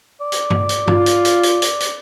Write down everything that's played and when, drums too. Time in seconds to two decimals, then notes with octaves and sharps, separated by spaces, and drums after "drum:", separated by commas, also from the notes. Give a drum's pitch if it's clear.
0.21 D5
0.32 drum: hi-hat
0.50 drum: tom G2
0.69 drum: hi-hat
0.88 F4, drum: tom G2
1.06 drum: hi-hat
1.25 drum: hi-hat
1.43 drum: hi-hat
1.62 drum: hi-hat
1.80 drum: hi-hat